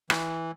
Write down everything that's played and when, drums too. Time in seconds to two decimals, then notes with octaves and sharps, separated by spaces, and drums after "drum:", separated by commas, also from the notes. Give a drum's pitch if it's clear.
0.10 E3, drum: rim click